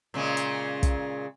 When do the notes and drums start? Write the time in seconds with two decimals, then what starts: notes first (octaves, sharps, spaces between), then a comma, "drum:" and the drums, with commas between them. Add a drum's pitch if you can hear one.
0.14 A#2 C#3 G#3
0.37 drum: hi-hat
0.83 drum: kick, hi-hat